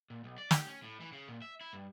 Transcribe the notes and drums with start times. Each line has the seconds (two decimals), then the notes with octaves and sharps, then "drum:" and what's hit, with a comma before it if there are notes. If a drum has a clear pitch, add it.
0.10 A#2
0.24 B1
0.38 D5
0.51 G4, drum: snare
0.67 C#4
0.83 A2
1.00 E3
1.13 C#3
1.28 A#2
1.42 E5
1.61 E4
1.73 G2